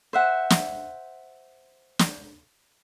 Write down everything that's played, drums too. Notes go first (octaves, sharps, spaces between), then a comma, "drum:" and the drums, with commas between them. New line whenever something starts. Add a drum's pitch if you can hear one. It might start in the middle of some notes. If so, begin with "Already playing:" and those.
C5 E5 F#5
drum: snare
drum: snare